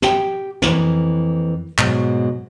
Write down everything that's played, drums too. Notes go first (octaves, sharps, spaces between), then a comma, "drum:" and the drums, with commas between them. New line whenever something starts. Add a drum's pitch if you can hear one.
G4 G5, drum: snare
F2 E3 A#3, drum: snare
G#2 B2 F#3, drum: clap